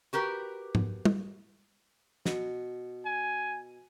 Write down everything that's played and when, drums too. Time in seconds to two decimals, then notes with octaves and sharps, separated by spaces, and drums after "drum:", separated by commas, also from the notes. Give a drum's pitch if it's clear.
0.13 F#4 G4 A#4 B4
0.75 drum: tom G#2
1.05 drum: tom
2.26 B2, drum: snare
3.06 G#5